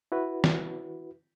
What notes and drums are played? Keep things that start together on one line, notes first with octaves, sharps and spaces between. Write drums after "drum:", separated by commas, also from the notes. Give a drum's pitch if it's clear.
E4 F#4 B4
drum: snare